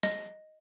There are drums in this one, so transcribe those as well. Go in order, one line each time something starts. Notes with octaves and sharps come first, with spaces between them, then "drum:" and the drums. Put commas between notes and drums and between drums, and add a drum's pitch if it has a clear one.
D#5, drum: snare